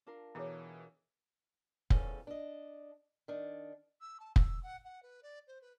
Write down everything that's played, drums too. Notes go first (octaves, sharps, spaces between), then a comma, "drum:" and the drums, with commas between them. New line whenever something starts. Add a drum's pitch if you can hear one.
D4 F4 A#4
B2 E3 E4 G#4 C#5
E2 C#3 F3 C#4 A4, drum: kick
D4 D#5
D#3 D4
E6
A5
E6, drum: kick
F#5
F#5
B4
D5
C5
B4